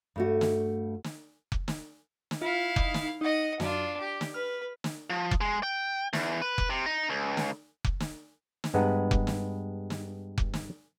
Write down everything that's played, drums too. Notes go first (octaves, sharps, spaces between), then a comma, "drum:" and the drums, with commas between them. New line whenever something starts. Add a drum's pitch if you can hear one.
G2 A3 F#4
drum: snare
drum: snare
drum: kick F1
drum: snare
drum: snare
E4 F4 F5
D#4, drum: kick F1
drum: snare
D#4 D#5 F#5
F#2 D4 F4, drum: snare
G4 D6
drum: snare
B4 F6
drum: snare
F3
drum: kick F1
G#3
G5
E2, drum: snare
B4
drum: kick F1
C3
D#4
C#2
drum: snare
drum: kick F1
drum: snare
drum: snare
G2 G#3 B3 B4 F#5 A#5
drum: kick F1
drum: snare
drum: snare
drum: kick F1
drum: snare